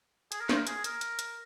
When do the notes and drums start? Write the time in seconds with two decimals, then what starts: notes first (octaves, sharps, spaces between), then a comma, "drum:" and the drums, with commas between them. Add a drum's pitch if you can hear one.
0.32 G#4, drum: hi-hat
0.40 A#4
0.49 C5, drum: snare
0.57 A#4
0.67 G#4, drum: hi-hat
0.84 A#4, drum: hi-hat
1.01 drum: hi-hat
1.19 drum: hi-hat